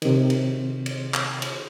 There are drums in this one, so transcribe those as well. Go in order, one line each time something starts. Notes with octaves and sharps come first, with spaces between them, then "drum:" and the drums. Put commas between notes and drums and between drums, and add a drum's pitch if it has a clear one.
C3 D#3, drum: cymbal
drum: cymbal
drum: cymbal
drum: clap
drum: cymbal